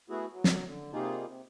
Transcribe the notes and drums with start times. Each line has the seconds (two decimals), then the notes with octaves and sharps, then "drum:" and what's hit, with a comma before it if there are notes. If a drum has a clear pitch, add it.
0.10 A3 B3 E4 F#4 G#4
0.32 F#3
0.44 drum: snare
0.67 D3
0.93 C3 G3 A#3 D#4 F4 G#4
1.25 C3